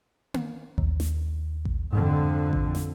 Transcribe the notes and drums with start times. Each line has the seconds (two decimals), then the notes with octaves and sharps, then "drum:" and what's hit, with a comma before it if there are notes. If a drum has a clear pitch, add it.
0.34 drum: tom A#3
0.78 D#2, drum: kick A1
1.00 drum: snare
1.65 drum: kick A1
1.93 F2 G#2 D3
2.53 drum: kick A1
2.75 drum: snare